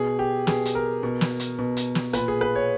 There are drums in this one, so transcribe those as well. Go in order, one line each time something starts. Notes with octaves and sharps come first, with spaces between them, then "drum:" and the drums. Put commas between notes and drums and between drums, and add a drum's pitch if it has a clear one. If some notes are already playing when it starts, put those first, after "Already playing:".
Already playing: B2 G#4
G4
B2 G#4, drum: snare
drum: hi-hat
A#4
B2
drum: snare
drum: hi-hat
B2
drum: hi-hat
drum: snare
A#2 B4, drum: hi-hat
G#4
B4
C#5